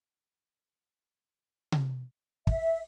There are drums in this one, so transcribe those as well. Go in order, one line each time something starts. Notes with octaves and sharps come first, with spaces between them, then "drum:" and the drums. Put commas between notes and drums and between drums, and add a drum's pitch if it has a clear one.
drum: tom C3
E5, drum: kick